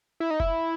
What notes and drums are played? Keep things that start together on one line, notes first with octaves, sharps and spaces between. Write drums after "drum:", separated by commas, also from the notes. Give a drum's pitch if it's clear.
E4
D#4
E4, drum: kick F1